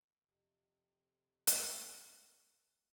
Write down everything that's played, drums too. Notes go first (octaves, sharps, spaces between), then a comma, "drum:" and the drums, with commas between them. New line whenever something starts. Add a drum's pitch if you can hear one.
F2 C3
drum: hi-hat